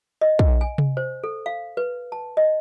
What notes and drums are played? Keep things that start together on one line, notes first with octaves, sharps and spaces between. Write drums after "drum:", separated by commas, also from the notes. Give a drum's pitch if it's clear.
D#5
drum: kick
G#5
drum: tom C3
C5
A4
F5
B4
A5
D#5